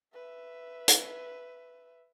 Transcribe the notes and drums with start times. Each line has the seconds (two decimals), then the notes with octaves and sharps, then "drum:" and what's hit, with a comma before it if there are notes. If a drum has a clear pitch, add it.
0.14 B4 E5
0.88 drum: hi-hat